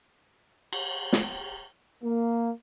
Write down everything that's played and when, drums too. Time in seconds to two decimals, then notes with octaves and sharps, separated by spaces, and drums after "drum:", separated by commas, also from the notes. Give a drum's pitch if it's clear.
0.73 drum: cymbal
1.13 drum: snare
2.02 A#3